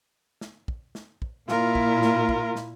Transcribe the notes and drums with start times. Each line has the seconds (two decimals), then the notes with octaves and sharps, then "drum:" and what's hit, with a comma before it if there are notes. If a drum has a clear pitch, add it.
0.41 drum: snare
0.68 drum: kick
0.95 drum: snare
1.22 drum: kick
1.49 A#2 E4 F4 A#4, drum: snare
1.75 drum: kick
2.02 drum: snare
2.29 drum: kick
2.56 drum: snare